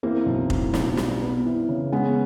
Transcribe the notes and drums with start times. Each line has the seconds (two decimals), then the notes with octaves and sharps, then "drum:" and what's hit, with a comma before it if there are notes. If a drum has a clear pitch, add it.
0.03 E3 A#3 C4
0.26 B1
0.50 A2, drum: kick F1
0.74 B1, drum: snare
0.97 G3, drum: snare
1.22 B3
1.45 E3
1.69 C#3
1.92 G#3 B3 C#4